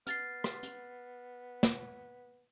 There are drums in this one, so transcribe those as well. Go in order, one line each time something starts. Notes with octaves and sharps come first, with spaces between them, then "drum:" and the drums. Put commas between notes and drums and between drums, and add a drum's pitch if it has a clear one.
B3 F6 A6 C7, drum: hi-hat
drum: rim click
drum: hi-hat
drum: snare